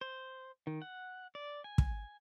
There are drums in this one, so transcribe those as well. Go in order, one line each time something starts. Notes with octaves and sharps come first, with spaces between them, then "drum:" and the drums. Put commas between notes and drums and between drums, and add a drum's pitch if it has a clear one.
C5
D#3
F#5
D5
G#5
drum: kick